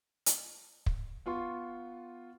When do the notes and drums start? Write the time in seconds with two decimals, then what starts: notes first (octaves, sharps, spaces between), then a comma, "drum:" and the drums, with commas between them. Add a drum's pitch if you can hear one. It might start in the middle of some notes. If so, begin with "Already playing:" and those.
0.26 drum: hi-hat
0.86 drum: kick
1.26 B3 F4 C6 C#6